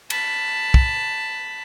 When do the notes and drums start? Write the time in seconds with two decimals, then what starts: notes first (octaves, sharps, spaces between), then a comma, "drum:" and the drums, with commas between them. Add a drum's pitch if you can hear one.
0.10 A5 B5, drum: cymbal
0.74 drum: kick